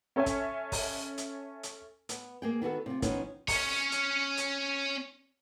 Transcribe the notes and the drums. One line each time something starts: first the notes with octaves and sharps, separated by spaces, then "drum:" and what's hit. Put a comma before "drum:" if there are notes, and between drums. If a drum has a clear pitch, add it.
C#4 A4 C#5 E5 G#5
drum: kick, hi-hat
drum: kick, open hi-hat
drum: hi-hat
drum: hi-hat
B3, drum: hi-hat
A#3 G#4 G5
D#3 B3 F#4 A4
C3 F4
D#3 F3 B3 C#4 D#4, drum: kick, hi-hat
C#4 C#5, drum: kick, open hi-hat
drum: hi-hat
drum: hi-hat